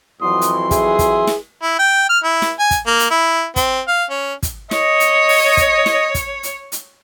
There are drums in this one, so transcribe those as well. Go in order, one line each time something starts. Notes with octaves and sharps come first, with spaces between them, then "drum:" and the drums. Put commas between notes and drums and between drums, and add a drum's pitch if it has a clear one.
F2 E3 F#3 C6 D#6
drum: hi-hat
G#4 E5, drum: kick, hi-hat
drum: kick, hi-hat
drum: snare
E4
G5
F6
E4
drum: snare
G#5
drum: kick, hi-hat
A#3
drum: hi-hat
E4
C4, drum: kick, hi-hat
F5
C#4
drum: kick, hi-hat
C#5 D#5, drum: snare
drum: hi-hat
drum: open hi-hat
drum: kick, hi-hat
drum: snare
drum: kick, hi-hat
drum: hi-hat
drum: hi-hat